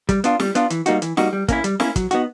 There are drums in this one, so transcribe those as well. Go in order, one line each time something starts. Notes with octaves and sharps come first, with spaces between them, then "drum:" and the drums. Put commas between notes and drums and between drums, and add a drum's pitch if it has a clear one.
G3, drum: kick, hi-hat
B3 D4 F4, drum: hi-hat
G3, drum: snare
B3 D4 F4, drum: hi-hat
E3, drum: hi-hat
G3 A#3 D#4 F#4, drum: hi-hat
E3, drum: hi-hat
G3 A#3 D#4 F#4, drum: snare
G3
A#3 C#4 E4, drum: kick, hi-hat
G3, drum: hi-hat
A#3 C#4 E4, drum: snare
F#3, drum: kick, hi-hat
B3 D#4 F#4, drum: hi-hat